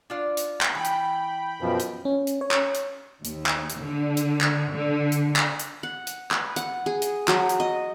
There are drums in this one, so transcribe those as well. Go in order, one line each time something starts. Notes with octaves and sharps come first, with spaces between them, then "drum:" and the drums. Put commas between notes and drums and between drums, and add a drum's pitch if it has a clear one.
D4 F4 D5
drum: hi-hat
drum: clap
E3 G5 B5
drum: hi-hat
F#2 B2 F3
drum: hi-hat
C#4
drum: hi-hat
C#5
drum: clap
drum: hi-hat
D#2, drum: hi-hat
drum: clap
drum: hi-hat
D3
drum: hi-hat
drum: clap
D3
drum: hi-hat
drum: clap
drum: hi-hat
F#5
drum: hi-hat
B4, drum: clap
F#5, drum: hi-hat
G#4
drum: hi-hat
F#3, drum: clap
drum: hi-hat
D#5